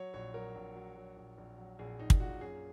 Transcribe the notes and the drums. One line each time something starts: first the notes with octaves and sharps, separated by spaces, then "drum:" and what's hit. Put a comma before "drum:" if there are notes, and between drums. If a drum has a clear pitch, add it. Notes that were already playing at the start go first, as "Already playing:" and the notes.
Already playing: F#3 C#5
A#1 C#5
F#3 A#4
A#1
F#3
F#3
A#1
A#1
F#3
A#1 G#4
A#1 D#4
drum: kick
A#2 F#4
F#2 G#4